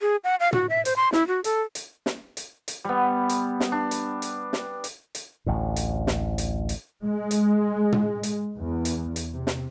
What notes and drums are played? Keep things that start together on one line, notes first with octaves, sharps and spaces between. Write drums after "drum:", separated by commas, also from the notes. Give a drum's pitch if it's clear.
G#4
F#5
F5
F#4, drum: tom
E5
C5, drum: hi-hat
C6
E4, drum: snare
F#4
A4, drum: hi-hat
drum: hi-hat
drum: snare
drum: hi-hat
drum: hi-hat
G3 B3
drum: hi-hat
drum: snare
D4
drum: hi-hat
drum: hi-hat
drum: snare
drum: hi-hat
drum: hi-hat
A1 D2 A2
drum: hi-hat
drum: snare
drum: hi-hat
drum: hi-hat
G#3
drum: hi-hat
drum: tom
drum: hi-hat
E2
drum: hi-hat
drum: hi-hat
C3
drum: snare